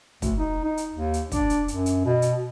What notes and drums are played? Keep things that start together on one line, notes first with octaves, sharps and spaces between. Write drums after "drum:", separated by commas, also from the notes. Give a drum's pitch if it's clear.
D2, drum: kick, hi-hat
D#4
D#4
drum: hi-hat
D#2
drum: hi-hat
D4, drum: kick, hi-hat
drum: hi-hat
F#2, drum: hi-hat
drum: hi-hat
B2
drum: hi-hat